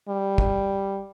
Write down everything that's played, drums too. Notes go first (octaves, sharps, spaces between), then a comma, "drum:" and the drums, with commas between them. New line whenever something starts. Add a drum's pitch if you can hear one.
G3
drum: kick